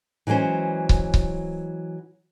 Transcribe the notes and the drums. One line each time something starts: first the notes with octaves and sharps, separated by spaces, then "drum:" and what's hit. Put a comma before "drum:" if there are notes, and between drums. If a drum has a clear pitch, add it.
E3 F#3 G#3 C#4 C5
drum: kick C#1
drum: kick C#1